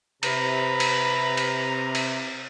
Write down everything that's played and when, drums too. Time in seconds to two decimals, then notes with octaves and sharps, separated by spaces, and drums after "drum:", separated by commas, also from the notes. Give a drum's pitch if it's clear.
0.23 C3 B4 A#5, drum: cymbal
0.80 drum: cymbal
1.37 drum: cymbal
1.95 drum: cymbal